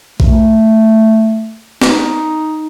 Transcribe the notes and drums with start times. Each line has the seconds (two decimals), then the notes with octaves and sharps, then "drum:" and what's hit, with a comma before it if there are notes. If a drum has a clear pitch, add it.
0.20 A3, drum: kick A#1
1.81 D#4, drum: snare